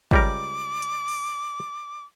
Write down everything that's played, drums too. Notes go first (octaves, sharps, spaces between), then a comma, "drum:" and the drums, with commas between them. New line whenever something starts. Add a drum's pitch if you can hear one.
C#2 G3 A#4 D6, drum: kick
drum: hi-hat
drum: open hi-hat